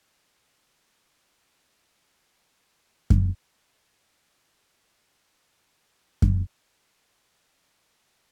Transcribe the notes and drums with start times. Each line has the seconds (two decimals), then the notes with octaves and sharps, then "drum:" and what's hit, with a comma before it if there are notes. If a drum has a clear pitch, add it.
0.65 E5
0.98 F#4 B4
1.16 E5 G#5
2.05 D4 A4
3.10 drum: kick F#2
4.66 C#5
5.12 F#3 B3 E4 D5
5.70 B1 F#2 C3
6.22 drum: kick F#2